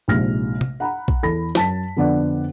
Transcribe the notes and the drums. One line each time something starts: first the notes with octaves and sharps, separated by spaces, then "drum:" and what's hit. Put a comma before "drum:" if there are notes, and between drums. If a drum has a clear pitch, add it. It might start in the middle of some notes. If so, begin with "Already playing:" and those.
A#1 G#2 C3 F6 A#6
drum: tom
F#5 A#5 B5
drum: kick A#1
E2 A4 B5 A#6
F#2 A5 B6, drum: snare
F2 D3 B3 D4 D5 F#5